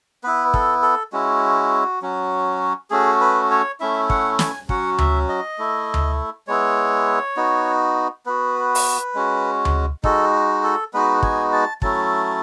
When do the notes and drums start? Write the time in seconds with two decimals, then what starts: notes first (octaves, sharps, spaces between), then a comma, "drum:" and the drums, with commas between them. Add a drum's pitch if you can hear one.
0.23 B3 E4 B4
0.54 A4, drum: kick
0.82 A4
1.12 G#3 C#4 E4 F#4
2.02 F#3 C#4 F#4
2.90 A3 C#4 F#4 G#4
3.20 B4
3.51 C#5
3.80 A3 C#4 E4 E5
4.10 F#5, drum: kick
4.39 G#5, drum: snare
4.69 F#3 C#4 F#4 F#5, drum: kick
4.98 E5, drum: tom D2
5.28 D#5
5.58 A3 E4
5.94 drum: tom D2
6.47 G#3 B3 E4 C#5
7.37 B3 D#4 F#4
8.26 B3 F#4 B4
8.75 drum: open hi-hat
9.15 G#3 C#4 F#4
9.65 drum: tom D2
10.04 G#3 D#4 F#4 A4, drum: kick
10.63 A4
10.93 G#3 B3 D#4 F#4 B4
11.23 G#5, drum: kick
11.53 A5
11.82 F#3 A3 C#4 E4 A5, drum: kick